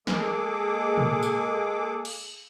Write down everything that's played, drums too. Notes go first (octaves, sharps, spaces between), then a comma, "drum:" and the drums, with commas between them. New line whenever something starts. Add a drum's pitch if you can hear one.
G#3 A#3 G#4 A4 D6, drum: snare
drum: tom
drum: tambourine
drum: cymbal